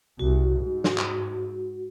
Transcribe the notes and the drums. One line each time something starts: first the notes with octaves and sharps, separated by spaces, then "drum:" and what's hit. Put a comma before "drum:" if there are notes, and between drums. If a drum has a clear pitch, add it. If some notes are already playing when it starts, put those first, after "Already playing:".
C2 F#4
G#2
drum: snare
drum: clap